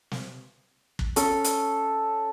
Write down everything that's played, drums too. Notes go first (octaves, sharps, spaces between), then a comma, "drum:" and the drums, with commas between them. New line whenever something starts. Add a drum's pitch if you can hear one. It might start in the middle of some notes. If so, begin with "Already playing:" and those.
drum: snare
drum: kick
C#4 A4, drum: hi-hat
drum: hi-hat